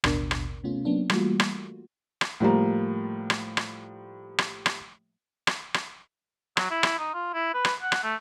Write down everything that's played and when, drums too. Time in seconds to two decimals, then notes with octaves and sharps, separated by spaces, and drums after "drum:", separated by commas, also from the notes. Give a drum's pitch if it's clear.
0.04 A1 D#2 B2 D4 A#4, drum: rim click
0.31 drum: rim click
0.64 C3 A3 B3 C#4 F4
0.85 F#3 A#3 B3 C#4 D4
1.10 E3 G3 A3 A#3 F4 F#4, drum: rim click
1.40 drum: rim click
2.21 drum: rim click
2.40 A2 F3 G3 A#3
3.30 drum: rim click
3.57 drum: rim click
4.38 drum: rim click
4.66 drum: rim click
5.47 drum: rim click
5.74 drum: rim click
6.57 F#3, drum: rim click
6.71 E4
6.83 drum: rim click
6.98 D#4
7.14 F4
7.34 E4
7.54 B4
7.65 drum: rim click
7.82 F#5
7.92 drum: rim click
8.03 A3